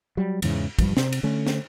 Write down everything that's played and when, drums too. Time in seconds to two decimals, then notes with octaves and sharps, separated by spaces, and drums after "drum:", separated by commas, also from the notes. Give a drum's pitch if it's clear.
0.17 F#3 G3
0.42 E2 G#2 C#3 E3, drum: cymbal
0.79 E1 G2 F3 G3, drum: kick, cymbal
0.97 C3, drum: snare
1.13 drum: cymbal
1.23 D3 A3 C#4
1.47 drum: snare